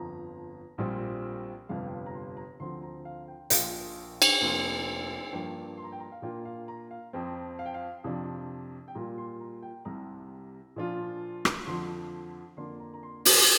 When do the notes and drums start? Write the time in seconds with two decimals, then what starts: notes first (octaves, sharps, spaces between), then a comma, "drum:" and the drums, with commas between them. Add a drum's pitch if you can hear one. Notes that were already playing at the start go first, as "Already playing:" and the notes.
Already playing: G1 F2 F3 A#5
0.78 A#1 A#2 G3 C4
1.69 G1 F2 C3 G3 F5
1.85 G5
1.91 F5
2.06 A#5
2.14 C6
2.37 A#5
2.60 D2 D3 F3 C4 C6
2.83 A#5
3.05 F5
3.28 G5
3.50 A#1 A#2 F3 F5, drum: hi-hat
4.22 drum: cymbal
4.41 F1 F2 F3 A#3 F4
5.32 G2 F3 A#3 D4 G5
5.77 C6
5.84 A#5
5.92 G5
6.00 A#5
6.12 F5
6.22 A#2 A#3 D4 F4 G5
6.45 F5
6.68 A#5
6.91 F5
7.13 F2 F3 C4 G5
7.59 F5
7.66 G5
7.74 F5
8.04 F2 C3 F3 D4
8.88 G5
8.95 A#2 G3 A#3 F4 A#5
9.18 C6
9.40 A#5
9.63 G5
9.85 C2 C3 G3 A#5
10.76 A#2 F3 D4 F4
11.45 drum: rim click
11.66 F2 D3 F3 C6
12.57 F2 D3 A#3 D4 C6
12.80 A#5
12.94 A#5
13.03 C6
13.25 A#5, drum: open hi-hat